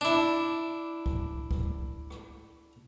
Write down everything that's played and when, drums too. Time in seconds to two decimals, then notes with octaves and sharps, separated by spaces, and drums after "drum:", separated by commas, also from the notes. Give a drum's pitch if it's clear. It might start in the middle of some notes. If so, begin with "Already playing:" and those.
0.01 D4 E4
1.06 drum: kick C#2
1.51 drum: kick C#2
2.10 drum: rim click